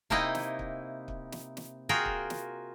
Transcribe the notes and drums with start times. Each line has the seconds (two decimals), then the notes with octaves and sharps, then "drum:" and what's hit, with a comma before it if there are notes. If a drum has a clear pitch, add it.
0.10 C3 A#3 D#4 E4 D#5 G5, drum: kick
0.35 drum: snare
0.59 drum: kick
1.08 drum: kick
1.32 drum: snare
1.57 drum: snare
1.89 F4 F#4 G#4 A#4 G5
2.06 drum: kick
2.30 drum: snare